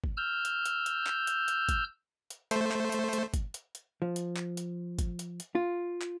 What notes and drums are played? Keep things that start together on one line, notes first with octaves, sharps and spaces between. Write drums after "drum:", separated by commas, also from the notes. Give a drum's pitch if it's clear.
drum: kick
E6 F6 G6
drum: hi-hat
drum: hi-hat
drum: hi-hat
drum: clap
drum: hi-hat
drum: hi-hat
drum: kick, hi-hat
drum: hi-hat
A3 C5, drum: hi-hat
drum: clap
drum: hi-hat
drum: hi-hat
drum: kick, hi-hat
drum: hi-hat
drum: hi-hat
F3
drum: hi-hat
drum: clap
drum: hi-hat
drum: kick, hi-hat
drum: hi-hat
drum: hi-hat
F4
drum: clap